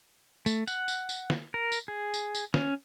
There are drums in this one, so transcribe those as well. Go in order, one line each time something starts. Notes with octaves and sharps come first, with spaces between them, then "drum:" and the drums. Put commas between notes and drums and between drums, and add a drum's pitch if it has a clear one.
A3, drum: tambourine
F#5, drum: tambourine
drum: tambourine
drum: tambourine
drum: snare
A#4
drum: tambourine
G#4
drum: tambourine
drum: tambourine
C#4, drum: snare